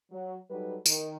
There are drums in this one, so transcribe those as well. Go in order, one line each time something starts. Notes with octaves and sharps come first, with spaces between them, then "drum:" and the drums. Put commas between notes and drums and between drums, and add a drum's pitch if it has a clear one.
F#3
F#3 G3 D#4 A4 B4
D#3, drum: tambourine